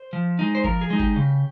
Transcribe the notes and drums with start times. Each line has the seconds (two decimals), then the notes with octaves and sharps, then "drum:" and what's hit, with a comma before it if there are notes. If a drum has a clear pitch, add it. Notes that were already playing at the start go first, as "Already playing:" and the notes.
Already playing: C5
0.13 F3
0.39 G#3 D#4
0.55 C5
0.64 F3 A#4, drum: kick G1
0.81 G#4
0.90 G#3 D#4
0.99 G4, drum: kick G1
1.16 C#3